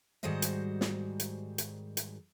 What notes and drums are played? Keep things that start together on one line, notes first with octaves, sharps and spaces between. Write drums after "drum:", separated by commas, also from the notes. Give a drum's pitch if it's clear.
G#2 D#3 G3 F#4 C5 D#5
drum: hi-hat
drum: snare
drum: hi-hat
drum: hi-hat
drum: hi-hat